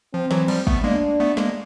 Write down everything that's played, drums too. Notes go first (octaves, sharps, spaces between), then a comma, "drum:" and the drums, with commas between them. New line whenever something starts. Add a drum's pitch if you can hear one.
F3 C4
E3 F#3, drum: snare
F3 G3, drum: cymbal
A3 B3, drum: kick
G#3 A#3 D4
A3 B3
G#3 A#3, drum: snare